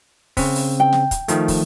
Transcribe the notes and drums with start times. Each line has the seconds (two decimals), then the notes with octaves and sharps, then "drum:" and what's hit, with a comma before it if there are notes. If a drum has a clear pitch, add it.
0.37 C#3 C4, drum: kick, open hi-hat
0.55 drum: open hi-hat
0.80 G5
0.93 drum: snare
1.11 drum: kick, hi-hat
1.28 D#3 F3 A3, drum: hi-hat
1.48 drum: kick, open hi-hat